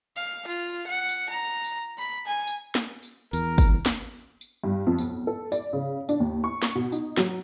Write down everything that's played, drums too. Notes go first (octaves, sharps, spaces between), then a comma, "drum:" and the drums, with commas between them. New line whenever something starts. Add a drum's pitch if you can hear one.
F5
F4
F#5
drum: tambourine
A#5
drum: tambourine
B5
G#5
drum: tambourine
drum: snare
drum: tambourine
E2 A#4, drum: tambourine
drum: kick, tambourine
drum: snare
drum: tambourine
G2
F2
B1, drum: tambourine
A4
D5, drum: tambourine
C#3
D4, drum: tambourine
D#2
C#6
drum: snare
B2
D#4, drum: tambourine
F#3, drum: snare